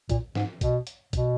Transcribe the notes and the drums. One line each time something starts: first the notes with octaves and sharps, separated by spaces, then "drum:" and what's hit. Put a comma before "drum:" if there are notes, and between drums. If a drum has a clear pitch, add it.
A#2, drum: kick, hi-hat
G#2, drum: snare
B2, drum: kick, hi-hat
drum: hi-hat
B2, drum: kick, hi-hat